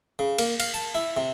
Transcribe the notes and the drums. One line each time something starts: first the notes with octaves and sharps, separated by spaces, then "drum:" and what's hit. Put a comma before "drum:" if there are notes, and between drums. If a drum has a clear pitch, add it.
C#3
A#3, drum: cymbal
F5, drum: cymbal
A5
E4
C3